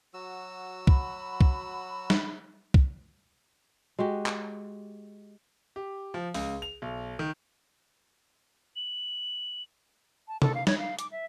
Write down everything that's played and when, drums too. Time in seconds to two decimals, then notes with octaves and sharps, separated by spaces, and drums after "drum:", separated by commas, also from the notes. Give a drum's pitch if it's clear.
0.14 F#3 F#4 E6
0.87 B5, drum: kick C2
1.41 drum: kick C2
2.10 drum: snare
2.74 drum: kick C2
3.99 G#3 F#4 G4
4.26 drum: clap
5.76 G4
6.14 F3
6.34 C#2, drum: open hi-hat
6.62 F7
6.82 B1
7.19 D#3
8.76 F#7
10.28 A5
10.42 A4, drum: tom C3
10.55 F5
10.67 C#5, drum: snare
10.78 F5
10.99 D6, drum: hi-hat
11.12 E5